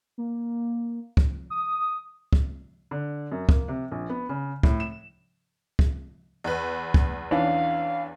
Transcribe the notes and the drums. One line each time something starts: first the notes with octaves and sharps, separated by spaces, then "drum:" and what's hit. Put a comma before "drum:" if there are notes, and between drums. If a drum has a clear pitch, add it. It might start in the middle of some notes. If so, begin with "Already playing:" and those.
A#3
drum: kick
D#6
drum: kick
D3
F#2
A#3, drum: kick
C3
A#1
B3
C#3
A2, drum: kick
E7
drum: kick
E2 B4
drum: kick
E3 C#4 D4 F5